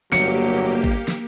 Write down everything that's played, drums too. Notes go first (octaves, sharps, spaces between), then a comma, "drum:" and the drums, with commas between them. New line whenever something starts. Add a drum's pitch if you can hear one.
G1 F#3 A#3 G4 C#7, drum: snare
drum: kick
drum: snare